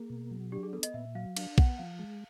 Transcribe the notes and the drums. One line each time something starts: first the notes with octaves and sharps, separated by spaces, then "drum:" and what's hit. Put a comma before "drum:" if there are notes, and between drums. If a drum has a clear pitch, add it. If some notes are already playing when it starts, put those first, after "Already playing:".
Already playing: A#3 G#4
B2
F#3
D4 G4
G#4
B3 A4
D#5, drum: hi-hat
A#2 E5
F#3 F5
D4 F5, drum: cymbal
B3 F#5, drum: kick
F3 F5
G#3